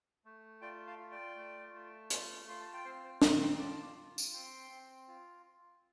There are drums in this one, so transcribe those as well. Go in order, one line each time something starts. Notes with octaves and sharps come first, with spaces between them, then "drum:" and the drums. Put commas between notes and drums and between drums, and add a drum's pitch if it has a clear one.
A3
F4 D5 G5
F5 A5
F4
D5 G5
A3
A3
F4, drum: hi-hat
F4 C6
A5
G5
C4 C5 F5
C5
C4 G5 C6, drum: snare
G5 C6
F4 A5 D6
F4
drum: tambourine
C4 G5 C6
C4
F4